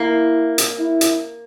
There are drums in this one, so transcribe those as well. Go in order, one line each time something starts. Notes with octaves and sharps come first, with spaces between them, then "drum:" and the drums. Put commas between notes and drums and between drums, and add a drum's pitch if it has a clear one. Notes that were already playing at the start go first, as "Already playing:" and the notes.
Already playing: A#3 E4
drum: hi-hat
E4
drum: hi-hat